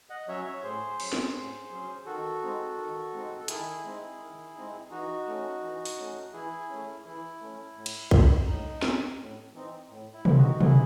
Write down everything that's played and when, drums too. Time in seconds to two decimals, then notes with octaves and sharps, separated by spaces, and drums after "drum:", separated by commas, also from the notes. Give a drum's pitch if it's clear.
0.10 D#5 F#5
0.27 F#3 C#4 C#5 E5
0.45 C#5 E5
0.63 A2 G#4 C5
1.00 F#3 C#4, drum: cymbal
1.13 drum: snare
1.34 A2
1.70 F#3 C#4
2.06 D#3 F#4 A4
2.42 G#3 C4 D#4
2.77 D#3
3.13 G#3 C4 D#4
3.40 A4
3.48 D#3 E4 G#4, drum: hi-hat
3.84 G#3 C4 D#4
4.20 D#3
4.55 G#3 C4 D#4
4.91 E3 D#4 F#4
5.27 A3 C#4
5.62 E3
5.85 drum: open hi-hat
5.98 A3 C#4
6.33 E3 E4 G#4
6.69 A3 C#4
7.05 E3 E4
7.40 A3 C#4
7.76 A2
7.86 drum: cymbal
8.11 E3 C4 D#4, drum: kick B1
8.47 A2 D#4
8.82 E3 C4 D#4, drum: snare
9.19 A2
9.53 E3 C4 D#4
9.89 A2
10.13 E4
10.25 E3 C4 D#4, drum: tom
10.37 D#4 F#4
10.61 C3 E4 G#4, drum: tom